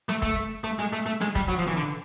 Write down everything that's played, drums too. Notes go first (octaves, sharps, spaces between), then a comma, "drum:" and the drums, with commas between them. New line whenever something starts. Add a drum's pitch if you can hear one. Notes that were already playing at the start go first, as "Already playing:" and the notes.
A3, drum: snare
A3, drum: kick
A3
G#3
A3
A3
G#3, drum: snare
G3, drum: kick
F#3
F3
E3
D3